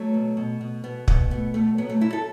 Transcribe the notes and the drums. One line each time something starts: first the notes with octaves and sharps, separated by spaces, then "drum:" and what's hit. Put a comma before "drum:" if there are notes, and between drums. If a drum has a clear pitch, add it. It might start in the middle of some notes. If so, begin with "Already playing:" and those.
Already playing: F#3 A3
B2
B2
B2
B2 B3
B2 B3, drum: kick
A3 B3
B2 A3
F#3 B3
A3
F#3 E4
A4